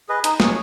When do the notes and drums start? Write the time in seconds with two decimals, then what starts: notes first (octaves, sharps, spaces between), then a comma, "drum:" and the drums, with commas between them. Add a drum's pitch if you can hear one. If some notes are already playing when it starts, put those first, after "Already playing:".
0.09 G#4 B4 D#5
0.24 D#4, drum: hi-hat
0.40 G#4 C#5, drum: snare